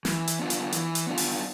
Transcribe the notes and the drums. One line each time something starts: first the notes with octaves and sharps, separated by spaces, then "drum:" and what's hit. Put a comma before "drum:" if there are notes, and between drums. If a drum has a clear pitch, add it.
E3, drum: snare
drum: hi-hat
B3 D4 F4
drum: hi-hat
E3, drum: hi-hat
drum: hi-hat
B3 D4 F4
drum: open hi-hat